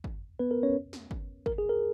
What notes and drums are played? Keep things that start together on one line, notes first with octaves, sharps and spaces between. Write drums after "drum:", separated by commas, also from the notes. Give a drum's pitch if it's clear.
drum: kick G1
B3 B4
A#4
C#4 C#5
drum: snare
drum: kick G1
A#4, drum: kick G1
G#4
A#4